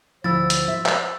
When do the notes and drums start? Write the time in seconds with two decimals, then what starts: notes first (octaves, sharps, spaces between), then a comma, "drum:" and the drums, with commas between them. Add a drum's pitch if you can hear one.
0.24 D2 F3 E4 C5 E6 A6
0.50 drum: hi-hat
0.68 E5
0.86 drum: clap